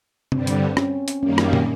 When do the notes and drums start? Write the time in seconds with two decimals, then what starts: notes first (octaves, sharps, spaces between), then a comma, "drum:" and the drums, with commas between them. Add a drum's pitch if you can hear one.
0.32 G2 D3 G3 C4, drum: tom C3
0.47 drum: hi-hat
0.77 C#4, drum: rim click
1.08 drum: hi-hat
1.23 F#2 D#3 G3 A#3 C#4
1.38 drum: rim click
1.53 drum: tom